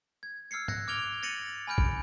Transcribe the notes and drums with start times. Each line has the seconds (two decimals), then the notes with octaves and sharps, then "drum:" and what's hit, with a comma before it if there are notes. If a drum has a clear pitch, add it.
0.23 G#6
0.51 E6 F6 G#6 C7 C#7
0.68 F#6 G#6 A#6 C#7, drum: tom G#2
0.88 D6 F6 G#6 D7 F7 G7
1.23 A6 A#6 C#7 D#7 F#7
1.67 G#5 B5 F6 G6 D7
1.78 drum: kick